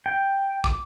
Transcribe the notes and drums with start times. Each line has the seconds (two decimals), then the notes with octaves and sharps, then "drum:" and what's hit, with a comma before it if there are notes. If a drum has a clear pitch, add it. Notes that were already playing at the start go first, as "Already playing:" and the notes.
0.06 G5
0.64 D6, drum: kick